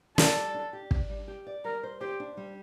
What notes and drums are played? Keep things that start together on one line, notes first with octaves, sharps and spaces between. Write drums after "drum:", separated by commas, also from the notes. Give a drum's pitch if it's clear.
A4 D5, drum: snare
G3
D4
G4
D4, drum: kick
G3
G4
D5
G3 A#4
C5
G4 C5
D4
G3